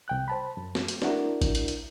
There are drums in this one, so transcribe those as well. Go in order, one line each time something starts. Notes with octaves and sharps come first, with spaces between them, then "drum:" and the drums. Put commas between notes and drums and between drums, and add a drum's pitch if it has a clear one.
C2 G5 F#6
C5 A5 B5
F#2
drum: snare
drum: hi-hat
D4 E4 F#4 A#4, drum: snare
drum: kick A1, hi-hat
drum: hi-hat
drum: hi-hat